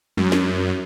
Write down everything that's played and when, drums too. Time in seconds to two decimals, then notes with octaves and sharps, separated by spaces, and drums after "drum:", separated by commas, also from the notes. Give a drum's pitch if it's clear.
0.17 F#2, drum: tom
0.32 drum: snare